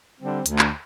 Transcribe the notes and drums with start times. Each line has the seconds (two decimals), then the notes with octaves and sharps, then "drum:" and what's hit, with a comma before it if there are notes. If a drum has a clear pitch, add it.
0.18 D3 G3 C4
0.46 D2, drum: hi-hat
0.59 drum: clap